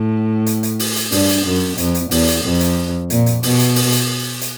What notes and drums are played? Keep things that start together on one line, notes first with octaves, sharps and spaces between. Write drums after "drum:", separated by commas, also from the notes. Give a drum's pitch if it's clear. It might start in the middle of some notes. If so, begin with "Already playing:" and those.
Already playing: A2
drum: hi-hat
drum: hi-hat
drum: open hi-hat
drum: hi-hat
G2, drum: open hi-hat
drum: hi-hat
F#2
F2, drum: hi-hat
drum: hi-hat
E2, drum: open hi-hat
drum: hi-hat
F2
drum: hi-hat
A#2, drum: hi-hat
drum: hi-hat
B2, drum: open hi-hat
drum: hi-hat
drum: open hi-hat
drum: hi-hat
drum: hi-hat